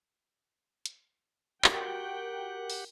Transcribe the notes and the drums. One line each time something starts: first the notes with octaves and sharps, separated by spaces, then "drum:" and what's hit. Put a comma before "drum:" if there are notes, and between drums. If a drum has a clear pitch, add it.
drum: hi-hat
F#4 G4 A#4 F#5 G5, drum: clap
drum: open hi-hat